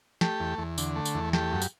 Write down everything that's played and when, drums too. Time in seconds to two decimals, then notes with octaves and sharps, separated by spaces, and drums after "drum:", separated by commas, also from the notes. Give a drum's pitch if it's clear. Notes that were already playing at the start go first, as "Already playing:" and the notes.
0.21 A3 G4, drum: snare
0.40 E2
0.58 E2
0.78 D3, drum: tambourine
0.96 A3
1.05 drum: tambourine
1.15 E2
1.33 A3 G4, drum: snare
1.53 F#2
1.62 drum: tambourine